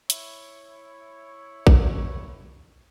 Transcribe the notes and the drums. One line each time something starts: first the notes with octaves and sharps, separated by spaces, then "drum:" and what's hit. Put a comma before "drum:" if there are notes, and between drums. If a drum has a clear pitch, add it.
E4 C#5, drum: hi-hat
drum: kick A1